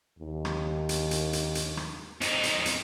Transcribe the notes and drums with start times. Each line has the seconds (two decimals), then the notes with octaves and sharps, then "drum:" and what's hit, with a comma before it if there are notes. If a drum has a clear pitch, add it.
0.19 D#2
0.45 drum: rim click
0.89 drum: hi-hat
1.11 drum: hi-hat
1.33 drum: hi-hat
1.55 drum: hi-hat
1.77 drum: rim click
2.21 F2 D#4, drum: hi-hat
2.43 drum: hi-hat
2.65 drum: hi-hat